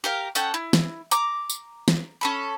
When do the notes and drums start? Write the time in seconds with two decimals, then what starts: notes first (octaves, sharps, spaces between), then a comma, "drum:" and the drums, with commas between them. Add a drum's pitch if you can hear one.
0.04 G4 A#4 F5
0.35 C#4 A4 F#5 G5, drum: tambourine
0.54 E4
0.73 drum: snare
1.11 A#5 D6, drum: tambourine
1.50 drum: tambourine
1.88 drum: snare
2.21 C#4 A4 B5